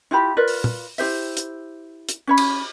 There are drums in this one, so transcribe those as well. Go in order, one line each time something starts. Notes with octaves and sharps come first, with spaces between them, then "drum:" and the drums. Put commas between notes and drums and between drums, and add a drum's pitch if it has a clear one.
E4 F4 G4 B5
F4 A#4 B4 D5
drum: open hi-hat
drum: tom
E4 G4 C5 E5, drum: open hi-hat
drum: hi-hat
drum: hi-hat
C#4 C#5 B5
drum: cymbal